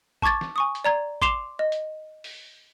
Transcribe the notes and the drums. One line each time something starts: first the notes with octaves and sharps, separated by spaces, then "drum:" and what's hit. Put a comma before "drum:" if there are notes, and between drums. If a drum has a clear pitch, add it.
A5 C#6 D6 G#6 A6, drum: kick A1
drum: snare
G#5 C#6 D#6
drum: hi-hat
D5 A#5 G#6
C6 D6 C7 E7 F7 G7, drum: kick A1
D#5
drum: hi-hat
drum: open hi-hat